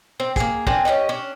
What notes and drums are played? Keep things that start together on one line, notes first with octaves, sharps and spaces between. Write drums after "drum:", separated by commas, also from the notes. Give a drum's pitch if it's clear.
C4
A#3 G#4, drum: kick, hi-hat
C4 D4 A#4 G#5, drum: kick
C#4 D#4 G4 D#5
C#4 D4